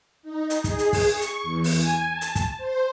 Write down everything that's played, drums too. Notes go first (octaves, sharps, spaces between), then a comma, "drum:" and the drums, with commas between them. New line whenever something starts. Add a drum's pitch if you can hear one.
D#4
drum: hi-hat
G#4, drum: kick, hi-hat
drum: hi-hat
drum: kick, open hi-hat
C#6
drum: hi-hat
E2
drum: open hi-hat
G#5
A5
drum: hi-hat
drum: kick, hi-hat
C5